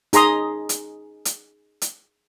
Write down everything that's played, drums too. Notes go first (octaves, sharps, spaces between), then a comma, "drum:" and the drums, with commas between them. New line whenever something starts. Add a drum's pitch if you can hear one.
D#4 G#4 A#5 C6 D#6, drum: hi-hat
drum: hi-hat
drum: hi-hat
drum: hi-hat